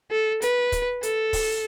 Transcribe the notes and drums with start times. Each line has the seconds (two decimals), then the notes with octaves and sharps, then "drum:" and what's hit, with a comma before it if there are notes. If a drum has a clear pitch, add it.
0.11 A4
0.42 B4, drum: hi-hat
0.72 drum: kick, hi-hat
1.03 A4, drum: hi-hat
1.33 drum: kick, open hi-hat